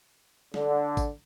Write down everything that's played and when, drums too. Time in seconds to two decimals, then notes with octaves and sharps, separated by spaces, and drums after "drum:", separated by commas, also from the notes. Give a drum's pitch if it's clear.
0.54 D3, drum: snare
0.97 drum: kick, tambourine